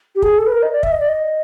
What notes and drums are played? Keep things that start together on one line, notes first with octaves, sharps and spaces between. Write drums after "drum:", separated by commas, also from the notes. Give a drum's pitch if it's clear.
G4
G#4, drum: kick
A4
B4
A#4
D#5
D5
E5, drum: kick
D#5
D5
D#5